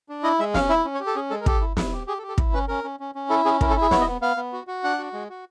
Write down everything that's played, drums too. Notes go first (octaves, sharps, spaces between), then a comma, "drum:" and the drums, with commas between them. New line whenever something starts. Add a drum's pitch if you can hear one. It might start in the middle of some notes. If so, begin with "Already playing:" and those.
D4
E4 D#5
G#3 E5
C#4 F5, drum: snare
E4 E5
C#4
C#5
G4
A4
C#4 G#4
G#3 A4
A#4
G4 A4, drum: kick
E4
E4, drum: snare
G4
G4 G#4
A4
G4
A4
E4, drum: kick
C#4 B4
C#4 A#4
C#4
C#4
C#4
E4 A4
C#4 G#4
E4 A#4, drum: kick
A4
E4
G#4
B3 C#5, drum: snare
D#5
B3
B3 F5
B3
F#4
F#4
D4 F#5
F#4
G#3
F#4